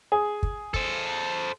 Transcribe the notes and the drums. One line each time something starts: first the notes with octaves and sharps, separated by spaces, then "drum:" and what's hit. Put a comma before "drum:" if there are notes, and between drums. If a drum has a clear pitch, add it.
G#4
drum: kick
A4 C5, drum: kick